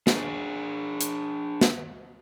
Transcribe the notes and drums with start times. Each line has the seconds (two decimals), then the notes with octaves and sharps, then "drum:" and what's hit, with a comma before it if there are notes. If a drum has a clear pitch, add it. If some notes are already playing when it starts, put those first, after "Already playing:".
0.07 D4 G#4, drum: snare
1.01 drum: hi-hat
1.61 drum: snare